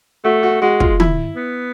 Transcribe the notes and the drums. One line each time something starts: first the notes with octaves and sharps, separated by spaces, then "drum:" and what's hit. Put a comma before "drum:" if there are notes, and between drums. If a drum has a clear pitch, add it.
A3 F#4
F#4
G#3 F#4
F4, drum: kick
E4, drum: tom D#3
B3